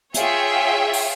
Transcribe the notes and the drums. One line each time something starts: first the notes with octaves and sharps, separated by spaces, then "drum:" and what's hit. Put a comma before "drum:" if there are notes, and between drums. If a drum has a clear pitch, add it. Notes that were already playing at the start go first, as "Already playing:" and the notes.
F4 G#4 C#5 E5 G5, drum: hi-hat
drum: open hi-hat